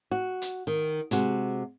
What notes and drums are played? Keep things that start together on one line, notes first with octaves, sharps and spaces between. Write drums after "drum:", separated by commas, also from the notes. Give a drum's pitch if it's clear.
F#4
drum: hi-hat
D#3
C3 G#3 F#4, drum: hi-hat